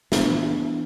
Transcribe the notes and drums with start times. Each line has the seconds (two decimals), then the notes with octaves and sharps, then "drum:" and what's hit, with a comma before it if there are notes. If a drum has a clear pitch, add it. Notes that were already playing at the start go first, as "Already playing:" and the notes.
0.12 E3 B3 D4, drum: snare